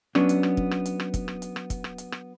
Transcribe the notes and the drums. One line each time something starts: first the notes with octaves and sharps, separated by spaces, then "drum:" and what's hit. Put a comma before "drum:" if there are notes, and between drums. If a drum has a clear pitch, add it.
F#3 B3 C#4 D4, drum: rim click
drum: hi-hat
drum: rim click
drum: kick
drum: rim click
drum: hi-hat
drum: rim click
drum: kick, hi-hat
drum: rim click
drum: hi-hat
drum: rim click
drum: kick, hi-hat
drum: rim click
drum: hi-hat
drum: rim click